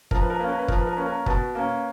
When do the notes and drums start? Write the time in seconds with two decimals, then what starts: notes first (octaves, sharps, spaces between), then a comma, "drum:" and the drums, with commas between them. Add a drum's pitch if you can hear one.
0.11 F3 A#4, drum: kick
0.21 B4
0.30 A#4
0.39 A#3 C#4 B4
0.49 A#4
0.59 B4
0.68 F3 A#4, drum: kick
0.78 B4
0.87 A#4
0.97 A#3 C#4 B4
1.06 A#4
1.26 B2 B4, drum: kick
1.55 A#3 C#4